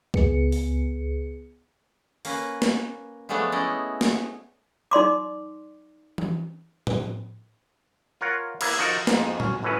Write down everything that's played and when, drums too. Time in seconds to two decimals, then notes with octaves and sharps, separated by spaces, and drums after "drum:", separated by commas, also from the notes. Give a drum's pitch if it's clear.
0.14 C#2 B3 G#4 C#7, drum: kick
0.52 drum: open hi-hat
2.25 A#3 C#4 B4, drum: open hi-hat
2.62 drum: snare
3.29 F3 F#3 G#3 A3 B3 D4
3.52 C#4 E4 D5 D#5
4.01 drum: snare
4.91 D#4 D5 C6 D6
6.18 drum: tom E3
6.87 drum: tom A2
8.21 F4 A#4 C#5 F#5
8.61 A#3 B3 E4, drum: cymbal
8.79 F3 D#4 F#4 A4 A#4
9.07 F2 G#2, drum: snare
9.40 C#4, drum: tom A2
9.63 G1 A2 E3 F#3 C#4 B4